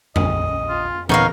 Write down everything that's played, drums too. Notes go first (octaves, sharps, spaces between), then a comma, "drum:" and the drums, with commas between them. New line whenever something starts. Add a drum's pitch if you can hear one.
A#1 D#2 D#5, drum: tom
F4
D#1 A#2 A#3 B3 D#4 A#4 C#5 F5, drum: tom E3